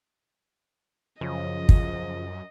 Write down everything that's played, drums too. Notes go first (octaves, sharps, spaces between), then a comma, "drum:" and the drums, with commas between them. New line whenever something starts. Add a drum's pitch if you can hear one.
F#2 C#3 F3 D#5
drum: kick